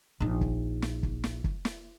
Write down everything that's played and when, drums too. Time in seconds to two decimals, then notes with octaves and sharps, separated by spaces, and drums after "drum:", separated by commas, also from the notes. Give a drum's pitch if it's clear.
0.20 A#1 D#4
0.41 drum: kick
0.82 drum: snare
1.03 drum: kick
1.24 drum: snare
1.44 drum: kick
1.65 drum: snare